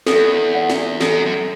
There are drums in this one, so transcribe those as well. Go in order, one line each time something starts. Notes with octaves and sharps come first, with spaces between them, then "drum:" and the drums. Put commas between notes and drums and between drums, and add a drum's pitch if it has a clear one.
E2 A4, drum: snare
D5 F#5
drum: snare
F#2 A4, drum: snare
F#2